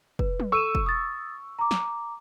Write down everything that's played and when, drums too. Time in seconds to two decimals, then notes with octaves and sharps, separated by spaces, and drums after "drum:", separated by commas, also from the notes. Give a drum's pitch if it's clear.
0.19 B4, drum: kick
0.40 drum: tom
0.52 A4 C#6 E6 D#7 E7
0.75 drum: kick
0.86 D#6 A6
1.59 A#5 D6
1.71 drum: snare